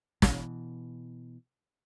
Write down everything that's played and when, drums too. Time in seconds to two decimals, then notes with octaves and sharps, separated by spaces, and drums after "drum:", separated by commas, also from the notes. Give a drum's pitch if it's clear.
0.22 B2 E3, drum: snare